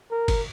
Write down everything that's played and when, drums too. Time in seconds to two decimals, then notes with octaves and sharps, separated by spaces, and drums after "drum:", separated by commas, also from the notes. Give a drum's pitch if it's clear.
0.11 A#4
0.28 drum: kick G1, cymbal